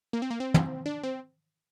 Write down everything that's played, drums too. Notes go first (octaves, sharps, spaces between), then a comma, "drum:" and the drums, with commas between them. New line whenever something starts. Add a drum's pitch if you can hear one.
A#3
C4
A#3
C4
drum: tom
D4
C4